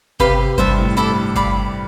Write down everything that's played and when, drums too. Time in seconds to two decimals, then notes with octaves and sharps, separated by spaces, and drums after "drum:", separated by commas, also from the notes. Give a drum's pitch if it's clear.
0.20 C3 G4 B4 F5 B5, drum: kick G1, hi-hat
0.58 G2 C5 E5 A5, drum: kick G1, hi-hat
0.78 A2
0.97 E4 A4 D5, drum: hi-hat
1.36 D5 F5 B5, drum: kick G1, hi-hat